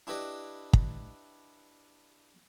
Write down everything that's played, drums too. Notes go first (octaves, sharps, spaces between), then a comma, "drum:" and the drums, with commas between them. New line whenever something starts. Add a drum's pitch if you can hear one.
D4 E4 G4 B4 D5 D#5
drum: kick